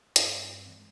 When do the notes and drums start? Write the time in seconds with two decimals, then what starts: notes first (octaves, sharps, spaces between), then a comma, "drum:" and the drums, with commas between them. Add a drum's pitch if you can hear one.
0.16 G2 G3 C4, drum: hi-hat
0.67 E3 G#3